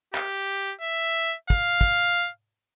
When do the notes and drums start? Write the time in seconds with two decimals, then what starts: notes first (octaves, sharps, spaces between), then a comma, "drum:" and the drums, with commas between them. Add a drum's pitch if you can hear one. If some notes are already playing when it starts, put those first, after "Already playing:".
0.15 G4, drum: clap
0.81 E5
1.50 F5, drum: kick
1.81 drum: kick